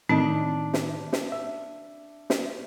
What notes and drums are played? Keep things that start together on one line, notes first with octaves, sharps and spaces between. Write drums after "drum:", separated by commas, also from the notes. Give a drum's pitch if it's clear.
A2 D#3 C4 D4 D#4
drum: snare
drum: snare
E5
drum: snare